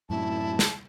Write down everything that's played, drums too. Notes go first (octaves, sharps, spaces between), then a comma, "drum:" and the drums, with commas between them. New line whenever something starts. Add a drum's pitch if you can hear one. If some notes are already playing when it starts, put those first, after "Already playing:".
F#2 A2 C3 E4 A5
drum: snare